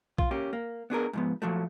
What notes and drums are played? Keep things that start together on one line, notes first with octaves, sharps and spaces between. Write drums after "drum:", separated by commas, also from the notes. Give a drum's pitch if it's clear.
F4, drum: kick
A#3 C#4 G4
A#3
B3 D4 G#4 A#4
G#2 F3 B3
A#2 F3 F#3 A3